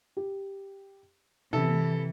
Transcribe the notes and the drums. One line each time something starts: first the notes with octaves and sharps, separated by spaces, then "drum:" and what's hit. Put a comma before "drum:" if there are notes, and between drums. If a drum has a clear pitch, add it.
G4
C3 E3 A4, drum: tom